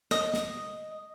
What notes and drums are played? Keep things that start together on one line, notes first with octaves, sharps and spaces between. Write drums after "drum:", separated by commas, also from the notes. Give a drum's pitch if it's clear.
D#5, drum: snare
drum: snare